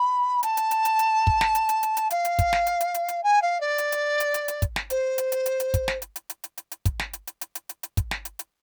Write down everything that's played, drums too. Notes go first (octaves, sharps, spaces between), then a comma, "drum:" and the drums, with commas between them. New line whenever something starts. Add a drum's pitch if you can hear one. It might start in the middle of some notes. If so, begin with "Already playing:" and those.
Already playing: B5
A5, drum: hi-hat
drum: hi-hat
drum: hi-hat
drum: hi-hat
drum: hi-hat
drum: kick
drum: snare
drum: hi-hat
drum: hi-hat
drum: hi-hat
drum: hi-hat
F5, drum: hi-hat
drum: hi-hat
drum: kick, hi-hat
drum: snare
drum: hi-hat
drum: hi-hat
drum: hi-hat
drum: hi-hat
G#5
F5
D5
drum: hi-hat
drum: hi-hat
drum: hi-hat
drum: hi-hat
drum: hi-hat
drum: kick, hi-hat
drum: snare
C5, drum: hi-hat
drum: hi-hat
drum: hi-hat
drum: hi-hat
drum: hi-hat
drum: kick, hi-hat
drum: snare
drum: hi-hat
drum: hi-hat
drum: hi-hat
drum: hi-hat
drum: hi-hat
drum: hi-hat
drum: kick, hi-hat
drum: snare
drum: hi-hat
drum: hi-hat
drum: hi-hat
drum: hi-hat
drum: hi-hat
drum: hi-hat
drum: kick, hi-hat
drum: snare
drum: hi-hat
drum: hi-hat